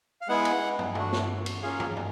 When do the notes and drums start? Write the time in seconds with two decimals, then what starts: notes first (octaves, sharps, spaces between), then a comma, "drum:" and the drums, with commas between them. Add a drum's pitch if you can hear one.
0.21 F5
0.28 G#3 B3 E4 G#4 F#5
0.45 drum: cymbal
0.79 drum: tom
0.95 A3 D4 F#4, drum: tom
1.12 drum: snare
1.46 drum: cymbal
1.63 A#3 C#4 F4 G#4 F5
1.80 drum: tom
1.97 drum: tom